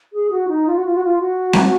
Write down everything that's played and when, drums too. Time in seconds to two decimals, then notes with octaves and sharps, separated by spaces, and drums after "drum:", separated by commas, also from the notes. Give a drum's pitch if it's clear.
0.13 G#4
0.31 F#4
0.48 D#4
0.67 F4
0.75 F#4
0.85 F4
0.95 F#4
1.04 F4
1.19 F#4
1.53 drum: snare C4